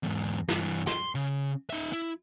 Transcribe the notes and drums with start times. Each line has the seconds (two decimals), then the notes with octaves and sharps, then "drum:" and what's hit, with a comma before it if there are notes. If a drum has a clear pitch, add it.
0.03 E2 G#2
0.48 G2 E3, drum: snare
0.87 C6, drum: snare
1.15 C#3
1.70 D#4 E5
1.92 E4